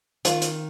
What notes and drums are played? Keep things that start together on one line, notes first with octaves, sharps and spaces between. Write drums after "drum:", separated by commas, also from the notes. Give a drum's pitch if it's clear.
D#3 F4, drum: hi-hat
drum: hi-hat